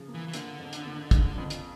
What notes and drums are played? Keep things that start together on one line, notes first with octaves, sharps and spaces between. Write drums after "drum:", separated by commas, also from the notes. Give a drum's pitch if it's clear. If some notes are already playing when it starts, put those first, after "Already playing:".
Already playing: C#3 F3
A#3
E3
E3
D3 A#3, drum: hi-hat
F2
drum: hi-hat
A#3
C#3, drum: kick, hi-hat
F2
drum: hi-hat